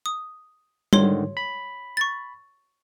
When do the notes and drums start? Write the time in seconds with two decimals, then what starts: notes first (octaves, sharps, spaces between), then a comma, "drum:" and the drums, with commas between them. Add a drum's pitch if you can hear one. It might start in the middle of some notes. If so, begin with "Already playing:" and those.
0.06 D#6
0.93 G#2 D3 D#3 C#5 C6 G7, drum: tom G3
1.37 B5
1.97 C#6 A6